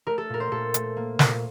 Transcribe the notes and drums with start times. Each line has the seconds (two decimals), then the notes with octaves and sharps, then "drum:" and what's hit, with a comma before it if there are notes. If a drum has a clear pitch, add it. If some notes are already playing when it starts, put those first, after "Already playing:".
0.07 A3 A#4
0.18 A4
0.30 A#2 A#4
0.40 C5
0.51 A#2 A4
0.74 A3, drum: hi-hat
0.97 A#3
1.19 A#2, drum: snare